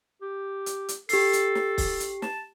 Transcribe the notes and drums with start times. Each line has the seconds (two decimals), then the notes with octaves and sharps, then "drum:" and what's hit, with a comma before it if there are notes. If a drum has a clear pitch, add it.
0.22 G4
0.66 drum: hi-hat
0.89 drum: hi-hat
1.09 G4 A4 C7, drum: open hi-hat
1.33 drum: hi-hat
1.55 drum: snare
1.78 drum: kick, open hi-hat
2.00 drum: hi-hat
2.22 A5, drum: snare